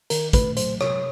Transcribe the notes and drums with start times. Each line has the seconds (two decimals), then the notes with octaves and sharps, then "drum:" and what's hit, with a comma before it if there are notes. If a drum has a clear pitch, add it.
0.10 D#3 A#4, drum: hi-hat
0.33 A3 B4, drum: kick, hi-hat
0.57 F#3 C5, drum: hi-hat
0.81 C3 C#5, drum: rim click